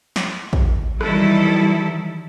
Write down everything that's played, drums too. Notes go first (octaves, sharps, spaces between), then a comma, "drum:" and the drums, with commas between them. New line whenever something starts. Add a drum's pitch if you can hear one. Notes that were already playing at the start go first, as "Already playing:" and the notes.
drum: snare
drum: kick
D#3 E3 F#3 G3 E4 A4, drum: rim click